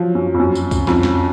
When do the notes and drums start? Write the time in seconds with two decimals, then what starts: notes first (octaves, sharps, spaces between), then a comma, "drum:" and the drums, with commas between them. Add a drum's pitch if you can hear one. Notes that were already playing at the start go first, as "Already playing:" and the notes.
Already playing: F3 F#3
0.15 F#2
0.34 F2
0.39 F#2
0.55 drum: tambourine
0.71 drum: kick C2, tambourine
0.87 F2, drum: snare
1.03 drum: snare